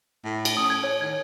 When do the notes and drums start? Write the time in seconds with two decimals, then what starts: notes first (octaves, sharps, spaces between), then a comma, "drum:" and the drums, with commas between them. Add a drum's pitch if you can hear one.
0.25 A2
0.45 drum: cymbal
0.57 C#4 D#6
0.70 G#6
0.84 C#5
1.01 D#3 G#6